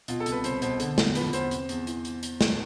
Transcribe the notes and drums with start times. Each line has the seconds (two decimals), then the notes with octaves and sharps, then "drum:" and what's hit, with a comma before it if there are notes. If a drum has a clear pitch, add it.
0.08 B2 F4, drum: hi-hat
0.20 A4
0.26 C2, drum: hi-hat
0.32 B4
0.44 C2 C5, drum: hi-hat
0.62 B2 C5, drum: hi-hat
0.80 D3, drum: hi-hat
0.98 E2, drum: snare
1.15 F3 B4, drum: hi-hat
1.33 E2 C5, drum: hi-hat
1.51 C3, drum: hi-hat
1.69 E2, drum: hi-hat
1.87 E3, drum: hi-hat
2.05 drum: hi-hat
2.23 drum: hi-hat
2.41 drum: snare